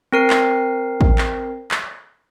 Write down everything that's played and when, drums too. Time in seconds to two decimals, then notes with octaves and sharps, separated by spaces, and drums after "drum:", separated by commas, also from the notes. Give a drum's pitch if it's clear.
0.12 C4 A#4 C7
0.30 drum: clap
1.01 drum: kick A1
1.18 drum: clap
1.71 drum: clap